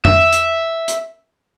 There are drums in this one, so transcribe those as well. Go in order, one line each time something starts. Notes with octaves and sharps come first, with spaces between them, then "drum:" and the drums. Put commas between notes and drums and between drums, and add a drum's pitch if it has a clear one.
E5, drum: tom F2
drum: hi-hat
drum: hi-hat